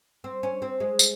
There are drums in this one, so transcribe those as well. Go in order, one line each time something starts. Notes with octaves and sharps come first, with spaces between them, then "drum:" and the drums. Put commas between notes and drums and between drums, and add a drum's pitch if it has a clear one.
C4
C#4
C4
G#3
drum: tambourine